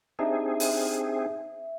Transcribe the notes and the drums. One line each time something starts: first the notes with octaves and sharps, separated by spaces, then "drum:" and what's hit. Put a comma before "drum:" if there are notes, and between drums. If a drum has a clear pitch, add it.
C4 D4 D#4 G4 G#4 E5
drum: open hi-hat